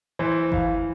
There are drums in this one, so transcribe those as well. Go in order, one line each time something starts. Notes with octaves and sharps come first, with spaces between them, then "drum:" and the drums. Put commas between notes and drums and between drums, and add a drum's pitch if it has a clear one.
E3 C5
E3 F5, drum: kick G1